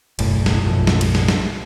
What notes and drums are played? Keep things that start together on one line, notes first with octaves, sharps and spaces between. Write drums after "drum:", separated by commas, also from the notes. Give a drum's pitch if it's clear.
F#1 B1 A2, drum: cymbal
drum: snare
B1 F#2 A2 F3
drum: snare
drum: cymbal
drum: snare
drum: snare